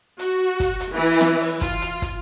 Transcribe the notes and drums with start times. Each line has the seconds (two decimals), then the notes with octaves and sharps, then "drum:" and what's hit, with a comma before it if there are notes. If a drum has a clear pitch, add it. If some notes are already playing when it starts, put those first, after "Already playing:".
0.19 F#4, drum: hi-hat
0.60 drum: kick, hi-hat
0.80 drum: hi-hat
0.93 E3
1.21 drum: snare
1.41 drum: open hi-hat
1.61 F4, drum: kick, hi-hat
1.82 drum: hi-hat
2.02 drum: kick, hi-hat